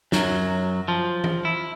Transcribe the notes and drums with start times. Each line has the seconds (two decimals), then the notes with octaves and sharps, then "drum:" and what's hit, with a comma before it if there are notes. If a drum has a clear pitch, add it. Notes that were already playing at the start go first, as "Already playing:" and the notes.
0.12 F#2 F#3, drum: snare
0.88 F3
1.24 drum: tom E3
1.45 E4